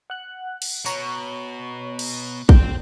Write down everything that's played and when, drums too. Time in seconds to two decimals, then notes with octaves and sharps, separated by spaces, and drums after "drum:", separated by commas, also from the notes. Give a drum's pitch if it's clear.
0.10 F#5 F#6
0.62 drum: cymbal
0.86 B2 C#5 A#5 C#6, drum: tambourine
1.99 drum: cymbal
2.49 C4 G5, drum: kick